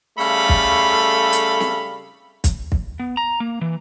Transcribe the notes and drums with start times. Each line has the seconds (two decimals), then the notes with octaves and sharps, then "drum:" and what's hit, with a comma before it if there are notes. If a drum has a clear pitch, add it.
0.18 C#3 G3 A3 A4 F5 B5
0.49 drum: kick
1.33 drum: hi-hat
1.60 drum: snare
2.44 drum: kick, hi-hat
2.72 drum: kick
3.00 B3
3.17 A#5
3.40 A#3
3.61 E3